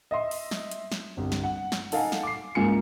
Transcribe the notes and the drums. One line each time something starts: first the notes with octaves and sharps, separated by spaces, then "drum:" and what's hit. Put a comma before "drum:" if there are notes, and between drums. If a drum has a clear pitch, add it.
D#5 E5 C6
drum: open hi-hat
drum: snare
drum: hi-hat
drum: snare
G1 C2
drum: snare
F#5
drum: snare
D#4 A4 D#5 F5 F#5 G#5, drum: open hi-hat
drum: snare
D6 C7
C#2 G#2 A#3 F4 G#5 C#7